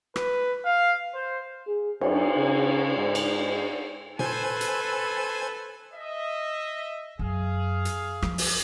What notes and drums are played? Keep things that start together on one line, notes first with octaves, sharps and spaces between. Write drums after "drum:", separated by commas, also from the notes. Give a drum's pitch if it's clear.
B4, drum: rim click
F5
C5
G#4
F#2, drum: cymbal
C#3
G#2
drum: cymbal
A4 B4 C5 G#5, drum: tom A#2
drum: hi-hat
D#5 E5
F#2 G#4 F5
drum: hi-hat
F3, drum: rim click
drum: open hi-hat